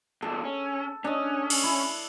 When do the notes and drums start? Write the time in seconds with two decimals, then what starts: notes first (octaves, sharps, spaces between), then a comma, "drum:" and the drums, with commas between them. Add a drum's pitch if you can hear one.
0.22 E2 A#2 A4
0.44 C#4
1.04 C#4 D4 D#5
1.50 drum: cymbal
1.63 E4